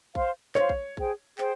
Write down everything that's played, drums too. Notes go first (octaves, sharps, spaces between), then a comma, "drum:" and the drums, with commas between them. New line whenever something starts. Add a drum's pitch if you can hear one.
C5 F5 C6, drum: kick
C5 C#5 F5 C6, drum: clap
drum: kick
G#4 C5 G5, drum: kick
G#4 C5 G5, drum: clap